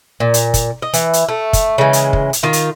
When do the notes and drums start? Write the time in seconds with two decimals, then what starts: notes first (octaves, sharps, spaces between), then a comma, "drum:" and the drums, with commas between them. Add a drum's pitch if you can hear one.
0.20 A#2
0.34 drum: hi-hat
0.54 drum: kick, hi-hat
0.82 D#5
0.93 E3, drum: hi-hat
1.13 drum: hi-hat
1.29 A3
1.53 drum: kick, hi-hat
1.78 C#3 E3 G#3
1.93 drum: hi-hat
2.13 drum: kick
2.33 drum: hi-hat
2.43 D#3 F4
2.53 drum: hi-hat